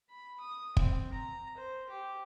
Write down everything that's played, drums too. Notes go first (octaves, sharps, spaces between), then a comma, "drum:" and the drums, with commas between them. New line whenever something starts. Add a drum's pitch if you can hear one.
B5
D#6
C4, drum: kick
A#5
C5
G4